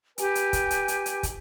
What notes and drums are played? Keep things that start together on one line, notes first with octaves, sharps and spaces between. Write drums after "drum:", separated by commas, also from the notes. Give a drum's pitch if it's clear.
G4 B4 G#5, drum: hi-hat
drum: hi-hat
drum: kick, hi-hat
drum: hi-hat
drum: hi-hat
drum: hi-hat
drum: kick, hi-hat